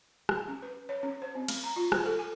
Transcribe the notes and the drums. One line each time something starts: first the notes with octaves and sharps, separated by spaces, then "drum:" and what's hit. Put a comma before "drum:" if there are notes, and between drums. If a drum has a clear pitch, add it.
drum: rim click
C#4
B4
C#5
C#4
C5
C4
A3, drum: cymbal
A#5
F4
C5, drum: rim click
A4
G#5